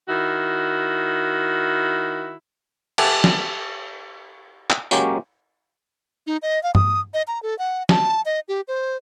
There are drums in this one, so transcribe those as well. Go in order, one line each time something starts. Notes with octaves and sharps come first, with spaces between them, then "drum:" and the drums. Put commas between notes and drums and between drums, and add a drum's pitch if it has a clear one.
D#3 E4 F#4
G4 A4 E5 F#5 G#5, drum: cymbal
drum: snare
drum: clap
F#3 G#3 A#3 C#4 G4, drum: tambourine
D#4
D#5
F5
D#6, drum: tom G2
D#5
A#5
A4
F#5
A5, drum: snare
D#5
G4
C5